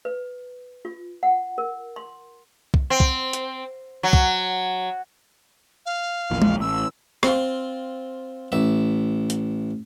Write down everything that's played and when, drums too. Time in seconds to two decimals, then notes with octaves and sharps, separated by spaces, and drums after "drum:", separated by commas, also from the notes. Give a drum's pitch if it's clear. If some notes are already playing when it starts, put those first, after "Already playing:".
0.05 B4
0.85 F4
1.23 F#5
1.58 A#4
1.96 C6
2.74 drum: kick
2.90 C4
3.00 drum: kick
3.33 drum: hi-hat
4.03 F#3
4.13 drum: kick
5.86 F5
6.31 A#1 E2 A#2
6.42 drum: tom G#3
6.60 A1 E6
7.23 C4 F4, drum: rim click
8.52 A1 E5
9.30 drum: hi-hat